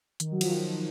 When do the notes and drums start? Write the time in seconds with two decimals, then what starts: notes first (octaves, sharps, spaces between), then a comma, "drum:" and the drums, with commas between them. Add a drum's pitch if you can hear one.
0.20 D#3, drum: hi-hat
0.32 F#3
0.41 F3, drum: cymbal
0.49 D#3